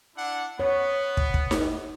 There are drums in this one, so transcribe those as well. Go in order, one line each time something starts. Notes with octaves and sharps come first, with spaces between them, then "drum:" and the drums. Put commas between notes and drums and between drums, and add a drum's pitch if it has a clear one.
D4 E4 F#5
B3 C#5
drum: kick
drum: kick
drum: snare D#4